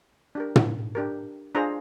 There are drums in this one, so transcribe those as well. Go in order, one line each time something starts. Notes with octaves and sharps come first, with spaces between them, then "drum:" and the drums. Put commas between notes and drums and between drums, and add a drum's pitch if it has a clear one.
D4 G4 A#4
drum: tom
D4 G4 A#4
D4 F4 G#4 C5 A#5